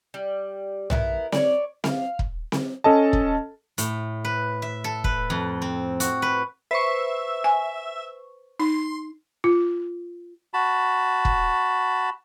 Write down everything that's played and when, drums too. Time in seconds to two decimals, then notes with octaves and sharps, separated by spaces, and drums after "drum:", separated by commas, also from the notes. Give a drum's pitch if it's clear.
0.14 G3
0.90 B3 E4 A#4, drum: tom
1.32 C#5 D5, drum: snare C4
1.84 F5, drum: snare C4
2.19 drum: kick
2.52 drum: snare C4
2.84 C#4 A4 D#5 A5
3.13 drum: kick
3.78 A2, drum: hi-hat
4.25 B4
4.62 E5
4.84 A4
5.04 B4, drum: kick
5.30 F2
5.62 C4
6.00 F#4, drum: hi-hat
6.22 B4
6.71 B4 C5 E5 C#6
7.44 G#5
8.60 D#4 C6
9.44 F4
10.54 F#4 A5 B5
11.25 drum: kick